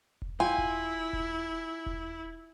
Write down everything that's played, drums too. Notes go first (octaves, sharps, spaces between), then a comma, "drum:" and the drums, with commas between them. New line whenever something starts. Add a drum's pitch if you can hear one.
drum: kick E1
E4 F4 G5 G#5
drum: kick E1
drum: kick E1
drum: kick E1